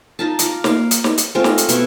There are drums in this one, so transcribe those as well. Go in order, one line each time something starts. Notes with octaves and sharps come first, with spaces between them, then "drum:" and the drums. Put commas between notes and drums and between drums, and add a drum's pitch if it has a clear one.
D#4 F4 A5
F4 A#5 D6, drum: hi-hat
A#3 F5, drum: snare
drum: hi-hat
drum: snare
drum: hi-hat
G#3 A3 C4 F4
drum: snare
drum: hi-hat
B2 E4 E5 C#6, drum: hi-hat